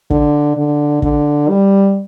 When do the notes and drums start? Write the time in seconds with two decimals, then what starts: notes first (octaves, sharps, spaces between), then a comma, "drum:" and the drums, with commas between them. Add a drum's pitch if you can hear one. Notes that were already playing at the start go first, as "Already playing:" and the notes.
0.10 D3, drum: kick
0.57 D3
1.02 D3, drum: kick
1.49 G3